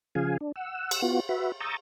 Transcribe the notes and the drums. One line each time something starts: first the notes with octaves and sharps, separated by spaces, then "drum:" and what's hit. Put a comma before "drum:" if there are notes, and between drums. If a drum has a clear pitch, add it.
C#3 F3 G#4 F5 G#5
D4
F#5 E6
drum: cymbal
B3 F4 F#4
F#4 B4 E5
A#5 C#6 D#6 E6 G6 A6